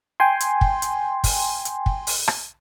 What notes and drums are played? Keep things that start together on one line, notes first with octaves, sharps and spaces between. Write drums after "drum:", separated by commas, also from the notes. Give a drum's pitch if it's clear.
G5 G#5 C6
drum: hi-hat
drum: kick
drum: hi-hat
drum: kick, open hi-hat
drum: hi-hat
drum: kick
drum: open hi-hat
drum: rim click